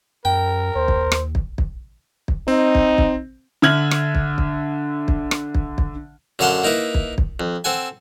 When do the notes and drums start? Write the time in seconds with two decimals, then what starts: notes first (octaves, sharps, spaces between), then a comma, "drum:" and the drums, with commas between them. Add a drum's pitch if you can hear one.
0.25 F#2 A#4 G5
0.76 D#2 C5
0.88 drum: kick
1.12 drum: rim click
1.35 drum: kick
1.58 drum: kick
2.28 drum: kick
2.48 C4 D#4
2.75 drum: kick
2.98 drum: kick
3.62 D3 E5 F6 G#6 F#7
3.91 drum: rim click
4.15 drum: kick
4.38 drum: kick
5.08 drum: kick
5.31 drum: rim click
5.55 drum: kick
5.78 drum: kick
6.39 F#2 D3 F5 F#5 A5 C6
6.64 A#3 D#4 E4 B4
6.94 drum: kick
7.18 drum: kick
7.40 F2
7.64 C4 A4 F#5 G#5